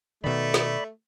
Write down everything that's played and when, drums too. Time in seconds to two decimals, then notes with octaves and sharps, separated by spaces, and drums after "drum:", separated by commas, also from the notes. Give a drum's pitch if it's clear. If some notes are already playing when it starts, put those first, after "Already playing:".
0.24 B2 D#3 A3 D5 B5
0.54 drum: snare